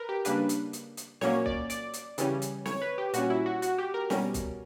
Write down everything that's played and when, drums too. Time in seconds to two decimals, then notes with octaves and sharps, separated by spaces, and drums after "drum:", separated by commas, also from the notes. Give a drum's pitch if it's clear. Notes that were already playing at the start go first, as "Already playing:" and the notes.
Already playing: A#4 B4
0.09 G4
0.25 C#3 G3 A#3 D4 B4, drum: hi-hat
0.49 drum: hi-hat
0.73 drum: hi-hat
0.97 drum: hi-hat
1.21 A#2 F#3 A#3 C#4 C#5, drum: snare
1.46 D5, drum: kick
1.70 D5, drum: hi-hat
1.93 drum: hi-hat
2.18 C#3 E3 G3 C#4, drum: hi-hat
2.42 drum: hi-hat
2.66 C#5, drum: snare
2.82 B4
2.98 G4
3.14 A#2 G3 C#4 F#4, drum: hi-hat
3.30 E4
3.46 F#4
3.62 F#4, drum: hi-hat
3.78 G4
3.94 A#4
4.10 B2 G3 C#4, drum: snare
4.34 drum: kick, hi-hat